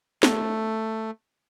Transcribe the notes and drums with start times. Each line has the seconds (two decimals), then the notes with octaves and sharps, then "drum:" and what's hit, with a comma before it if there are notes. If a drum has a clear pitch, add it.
0.23 A3, drum: snare